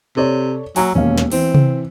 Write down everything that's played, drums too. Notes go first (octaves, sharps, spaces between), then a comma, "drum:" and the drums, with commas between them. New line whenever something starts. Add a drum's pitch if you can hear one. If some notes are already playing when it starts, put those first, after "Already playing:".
C3 A4 C#5 D5
F#3 G#5 A#5 E6, drum: open hi-hat
E1 D#2 C#4 F5
drum: snare
E3 C4, drum: open hi-hat
drum: tom C3